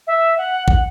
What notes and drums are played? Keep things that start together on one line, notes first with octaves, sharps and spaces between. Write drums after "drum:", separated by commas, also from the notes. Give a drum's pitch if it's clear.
E5
F#5
F#5, drum: kick